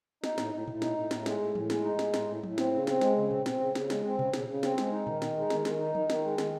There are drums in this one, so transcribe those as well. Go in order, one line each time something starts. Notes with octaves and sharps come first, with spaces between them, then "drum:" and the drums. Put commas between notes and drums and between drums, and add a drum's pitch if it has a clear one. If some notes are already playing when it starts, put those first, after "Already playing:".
D#4, drum: snare
A2, drum: snare
A2
A2, drum: tom A#2
D#4, drum: snare
A2
A2, drum: snare
G#3, drum: snare
A2
A2, drum: tom E3
G#3, drum: snare
D#4
G#3, drum: snare
A2, drum: snare
A2
A2, drum: tom F3
C4, drum: snare
C#3
C4, drum: snare
G#3, drum: snare
C#3
C4, drum: tom A#2
C4, drum: snare
C#3
C#3, drum: snare
G#3, drum: snare
C4
C#3, drum: tom A#2
C#3, drum: snare
C#3
C4, drum: snare
G#3, drum: snare
D#4
D#3, drum: tom A#2
D#4, drum: snare
G#3
D#3, drum: snare
D#3, drum: snare
D#4
D#3, drum: tom F3
D#3, drum: snare
G#3
D#3, drum: snare